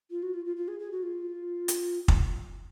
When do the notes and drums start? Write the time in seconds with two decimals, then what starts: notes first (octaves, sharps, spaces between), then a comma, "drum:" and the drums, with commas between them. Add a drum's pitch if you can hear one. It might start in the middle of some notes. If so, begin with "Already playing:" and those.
0.10 F4
0.22 F#4
0.33 F4
0.45 F4
0.56 F4
0.67 G#4
0.79 G#4
0.91 F#4
1.02 F4
1.68 drum: hi-hat
2.08 drum: kick